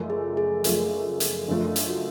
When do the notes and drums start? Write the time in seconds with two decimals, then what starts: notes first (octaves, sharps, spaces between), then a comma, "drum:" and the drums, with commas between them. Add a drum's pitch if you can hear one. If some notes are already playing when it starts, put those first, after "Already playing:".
Already playing: F#1 F#2 F3 A3
0.10 G#4
0.37 G#4
0.64 F#1 F#2 F3 A3, drum: hi-hat
1.20 drum: hi-hat
1.48 F#1 F#2 F3 A3 D4
1.76 drum: hi-hat
1.89 F#4